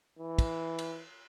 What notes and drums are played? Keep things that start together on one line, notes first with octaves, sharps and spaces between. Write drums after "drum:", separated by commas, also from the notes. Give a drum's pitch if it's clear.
E3
drum: kick, cymbal
drum: cymbal